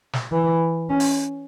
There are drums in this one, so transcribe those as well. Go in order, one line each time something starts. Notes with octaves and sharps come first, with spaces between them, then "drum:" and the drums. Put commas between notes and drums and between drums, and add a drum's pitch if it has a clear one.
drum: snare
E3
C#4
drum: open hi-hat